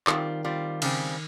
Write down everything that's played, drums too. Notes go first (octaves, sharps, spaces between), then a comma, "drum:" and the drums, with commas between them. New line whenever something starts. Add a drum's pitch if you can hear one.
D#3 G3 C4 F4, drum: clap
G3 C4 F4
C#3 G3 C4, drum: cymbal